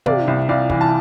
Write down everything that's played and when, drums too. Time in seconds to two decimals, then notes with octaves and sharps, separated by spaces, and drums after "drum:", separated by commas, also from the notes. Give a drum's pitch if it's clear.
0.06 C3 D5 F5, drum: tom
0.28 C2
0.49 C2 D5 F5
0.70 E3, drum: kick
0.81 A5